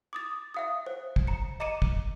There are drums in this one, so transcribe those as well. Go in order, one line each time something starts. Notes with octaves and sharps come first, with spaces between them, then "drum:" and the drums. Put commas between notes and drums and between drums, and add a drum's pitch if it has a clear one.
D6 D#6 A6
E5 F5 D#6
C5
drum: kick
A#5 C#7
D#5 A#5 D6 C#7 D#7
drum: kick